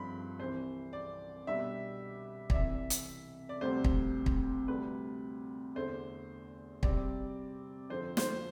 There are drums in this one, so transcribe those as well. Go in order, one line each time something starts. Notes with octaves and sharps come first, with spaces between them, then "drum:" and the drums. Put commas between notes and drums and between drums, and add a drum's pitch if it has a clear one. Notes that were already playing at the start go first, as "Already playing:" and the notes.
Already playing: G2 F3 C4 B5 C6
C2 C3 E3 C5
D5
B2 G3 D4 E5
D5, drum: kick
C2 C3 E3 E5
drum: hi-hat
D5
D2 C3 G3 C5
drum: kick
drum: kick
D2 C3 G3 B4
E2 D3 A3 C5
C3 G3 C4 D5, drum: kick
F2 D3 F3 C4 C5
C5, drum: snare